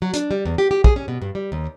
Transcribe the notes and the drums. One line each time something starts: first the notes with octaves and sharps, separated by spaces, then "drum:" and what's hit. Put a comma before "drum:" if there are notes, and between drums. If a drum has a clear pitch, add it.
F#3
D4, drum: hi-hat
G3
E2
G4
G4
G#4, drum: kick
C#4
B2
G2
G3
D#2